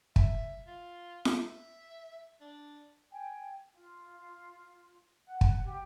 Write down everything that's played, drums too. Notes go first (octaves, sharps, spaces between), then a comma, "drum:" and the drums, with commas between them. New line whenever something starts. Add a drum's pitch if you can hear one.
E5, drum: kick
F4
E5, drum: snare
D4
G5 G#5
F4
F#5
drum: kick
G4